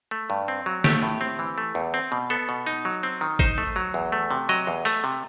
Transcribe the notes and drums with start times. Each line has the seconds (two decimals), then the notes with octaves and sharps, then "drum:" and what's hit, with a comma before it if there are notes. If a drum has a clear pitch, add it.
0.11 A3
0.30 G2
0.48 C4
0.66 F#3
0.84 A3 G4, drum: snare
1.03 A2
1.21 C4
1.39 E3
1.58 A3
1.75 E2
1.94 C4
2.12 B2
2.30 B3 A4
2.49 B2
2.67 D#4
2.85 F#3
3.03 C4
3.21 D#3
3.39 D#4 C5, drum: kick
3.58 A3
3.76 F#3
3.94 E2
4.12 A3
4.31 C3
4.49 F#3 D#5
4.67 E2
4.85 A3, drum: open hi-hat
5.04 C3